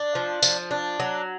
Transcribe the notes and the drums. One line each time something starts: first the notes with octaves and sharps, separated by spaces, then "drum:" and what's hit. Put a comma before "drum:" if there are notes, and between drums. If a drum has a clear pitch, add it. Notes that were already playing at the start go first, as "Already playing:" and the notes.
Already playing: D4
F3
F3, drum: tambourine
D4
F#3